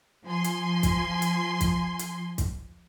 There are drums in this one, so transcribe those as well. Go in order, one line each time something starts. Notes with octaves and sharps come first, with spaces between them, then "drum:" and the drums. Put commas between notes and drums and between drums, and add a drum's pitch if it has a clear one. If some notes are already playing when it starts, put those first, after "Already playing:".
F3 G#5 C6
drum: hi-hat
drum: kick, hi-hat
drum: hi-hat
drum: kick, hi-hat
drum: hi-hat
drum: kick, hi-hat